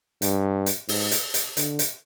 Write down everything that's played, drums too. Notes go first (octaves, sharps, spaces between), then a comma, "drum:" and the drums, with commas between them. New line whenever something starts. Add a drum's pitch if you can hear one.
G2, drum: hi-hat
drum: hi-hat
G#2, drum: open hi-hat
drum: hi-hat
drum: hi-hat
D3, drum: hi-hat
drum: hi-hat